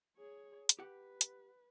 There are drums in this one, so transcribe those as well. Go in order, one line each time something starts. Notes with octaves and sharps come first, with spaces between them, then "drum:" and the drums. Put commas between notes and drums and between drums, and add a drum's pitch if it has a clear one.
G#4 C#5
drum: hi-hat
G4 B4 F#5
drum: hi-hat